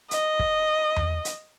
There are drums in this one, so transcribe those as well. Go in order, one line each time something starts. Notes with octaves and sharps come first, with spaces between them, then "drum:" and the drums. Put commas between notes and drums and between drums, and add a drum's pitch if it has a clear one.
D#5, drum: hi-hat
drum: kick
drum: tom E2
drum: hi-hat